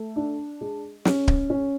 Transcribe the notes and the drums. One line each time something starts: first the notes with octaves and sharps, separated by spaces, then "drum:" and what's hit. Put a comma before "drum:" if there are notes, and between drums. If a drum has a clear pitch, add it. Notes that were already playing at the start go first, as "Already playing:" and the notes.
Already playing: A3
D4
G#3
C#4, drum: snare
drum: kick D1
C#4